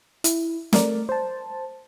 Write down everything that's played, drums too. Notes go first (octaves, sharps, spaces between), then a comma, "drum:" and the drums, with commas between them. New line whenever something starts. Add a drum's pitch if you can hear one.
E4, drum: hi-hat
A3 A#4 D5, drum: snare
C5 A5